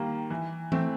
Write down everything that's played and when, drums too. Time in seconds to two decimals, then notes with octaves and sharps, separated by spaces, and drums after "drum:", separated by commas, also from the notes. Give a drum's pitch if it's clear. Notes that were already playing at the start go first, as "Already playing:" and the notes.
Already playing: D#3 G3 A#3
0.30 E3
0.72 A3 C4, drum: tom E3